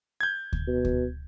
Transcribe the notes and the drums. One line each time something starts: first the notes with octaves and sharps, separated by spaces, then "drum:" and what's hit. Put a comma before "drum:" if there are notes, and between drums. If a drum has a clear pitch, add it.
G6 G#6
drum: kick D2
B2
drum: kick D2